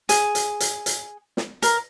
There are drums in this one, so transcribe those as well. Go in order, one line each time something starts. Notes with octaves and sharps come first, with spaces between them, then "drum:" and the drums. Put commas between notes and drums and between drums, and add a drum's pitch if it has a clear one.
G#4, drum: hi-hat
drum: hi-hat
drum: hi-hat
drum: hi-hat
drum: snare
A#4, drum: hi-hat